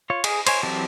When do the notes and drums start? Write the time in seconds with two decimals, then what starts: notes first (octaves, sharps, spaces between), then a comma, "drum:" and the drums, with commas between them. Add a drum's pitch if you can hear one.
0.10 F4 C#5
0.24 G#4, drum: cymbal
0.47 C5 C#5 G#5, drum: cymbal
0.63 E3 F#3 C4 G4 A5